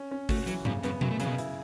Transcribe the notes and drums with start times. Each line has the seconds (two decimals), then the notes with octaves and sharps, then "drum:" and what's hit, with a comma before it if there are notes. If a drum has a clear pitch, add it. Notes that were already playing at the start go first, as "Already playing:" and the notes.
Already playing: C#4
0.11 C#4
0.29 A3 F#4, drum: kick G#1, open hi-hat
0.47 E3 F#3, drum: hi-hat
0.65 F#2 C#3, drum: tom G2
0.83 F#2 B3, drum: hi-hat
1.01 F#2 F#3, drum: tom B2
1.11 A3
1.20 C#3 F#3, drum: hi-hat
1.29 B2
1.38 E4, drum: hi-hat